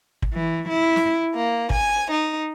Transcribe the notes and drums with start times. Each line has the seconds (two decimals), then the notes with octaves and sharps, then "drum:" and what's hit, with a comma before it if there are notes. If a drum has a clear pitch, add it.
0.22 drum: kick
0.33 E3
0.68 E4
0.96 drum: snare
1.33 A#3
1.70 G#5, drum: kick
2.09 D#4